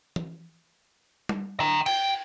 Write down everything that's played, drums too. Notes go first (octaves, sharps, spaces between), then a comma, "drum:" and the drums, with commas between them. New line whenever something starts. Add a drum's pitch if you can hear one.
drum: tom E3
drum: tom G3
G5 A#5
G5, drum: cymbal